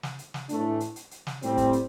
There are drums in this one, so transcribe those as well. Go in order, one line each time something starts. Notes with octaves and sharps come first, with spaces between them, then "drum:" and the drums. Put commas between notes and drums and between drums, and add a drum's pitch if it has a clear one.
drum: snare
drum: hi-hat
drum: snare
A2 E3 A3 D4, drum: hi-hat
drum: hi-hat
drum: hi-hat
drum: hi-hat
drum: snare
A2 G3 C4, drum: hi-hat
drum: kick, hi-hat
drum: hi-hat